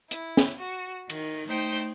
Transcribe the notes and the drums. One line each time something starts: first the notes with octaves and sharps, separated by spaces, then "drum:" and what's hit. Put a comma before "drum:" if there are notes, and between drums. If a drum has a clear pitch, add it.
E4, drum: hi-hat
drum: snare
F#4
D#3, drum: cymbal
A3 D#4 C5 G5